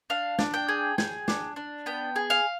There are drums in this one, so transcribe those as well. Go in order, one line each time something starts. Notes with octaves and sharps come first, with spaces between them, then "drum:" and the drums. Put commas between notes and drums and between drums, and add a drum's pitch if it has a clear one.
D4 F5
D4, drum: snare
G5
G#4
G#4, drum: snare
D4, drum: snare
D4
B3 G5
G#4
F5